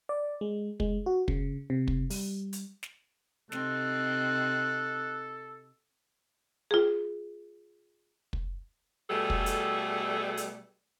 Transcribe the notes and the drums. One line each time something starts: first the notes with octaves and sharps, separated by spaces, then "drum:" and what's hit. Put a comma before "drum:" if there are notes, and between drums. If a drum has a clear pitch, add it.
D5
G#3
G#3, drum: kick
F#4
C#3, drum: kick
C3
drum: kick
G3, drum: open hi-hat
drum: hi-hat
drum: snare
C3 C4 D#4 A4 F#6, drum: snare
F4 G#4
drum: kick
B2 G3 A3 G#4 A4
drum: kick
drum: hi-hat
drum: hi-hat